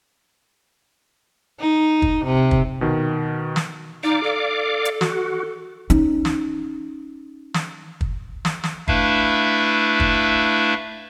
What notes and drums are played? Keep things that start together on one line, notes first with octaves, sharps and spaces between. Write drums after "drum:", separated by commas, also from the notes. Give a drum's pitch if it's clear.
D#4
drum: kick
C3
drum: kick
B2 D#3
drum: snare
D#4 D5 F5 D6
A4
drum: hi-hat
F#4, drum: snare
C#4 D#4, drum: hi-hat
drum: snare
drum: snare
drum: kick
drum: snare
drum: snare
A3 D4 E4 B4 E5 F5, drum: kick
drum: kick